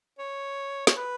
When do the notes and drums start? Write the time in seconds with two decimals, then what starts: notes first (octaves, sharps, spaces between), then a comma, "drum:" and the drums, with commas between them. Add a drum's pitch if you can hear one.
0.19 C#5
0.87 C#5, drum: snare
0.97 B4